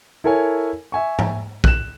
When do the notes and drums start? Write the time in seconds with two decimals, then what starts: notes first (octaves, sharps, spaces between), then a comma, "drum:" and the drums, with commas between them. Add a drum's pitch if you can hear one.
0.24 E4 A4 A#4 C#5 G#5
0.92 E5 G#5 C#6
1.19 drum: tom
1.64 F#6 E7, drum: kick